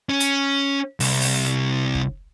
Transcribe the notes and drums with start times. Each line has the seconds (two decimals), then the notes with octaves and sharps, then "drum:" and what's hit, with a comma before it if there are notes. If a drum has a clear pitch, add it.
0.10 C#4
0.20 drum: hi-hat
1.00 C2, drum: open hi-hat
1.21 drum: open hi-hat
1.95 drum: kick